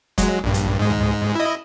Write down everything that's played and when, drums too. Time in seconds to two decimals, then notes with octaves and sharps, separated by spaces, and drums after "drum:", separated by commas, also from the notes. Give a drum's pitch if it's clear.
0.18 F#3 G#3, drum: kick, hi-hat
0.44 A#1 G2
0.54 drum: hi-hat
0.79 G#2 G#3
0.90 drum: tom C#2
1.35 E4 D#5